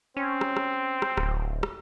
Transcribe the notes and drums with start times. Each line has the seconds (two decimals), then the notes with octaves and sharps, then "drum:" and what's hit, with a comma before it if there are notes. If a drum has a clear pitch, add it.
0.17 C4 C#4
0.41 drum: rim click
0.56 drum: rim click
1.02 drum: rim click
1.17 D1, drum: rim click
1.63 drum: rim click